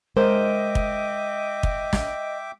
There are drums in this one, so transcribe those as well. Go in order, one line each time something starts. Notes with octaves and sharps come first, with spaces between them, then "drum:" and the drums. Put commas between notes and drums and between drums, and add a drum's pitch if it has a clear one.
G#3 A#4 C5 D#5 E5 G5 D6
drum: kick
drum: kick
drum: snare